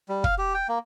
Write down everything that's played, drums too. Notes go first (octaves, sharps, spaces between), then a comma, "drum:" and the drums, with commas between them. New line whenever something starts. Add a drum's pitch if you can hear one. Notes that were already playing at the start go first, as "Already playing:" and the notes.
G3
F5, drum: kick
G4
G5
A#3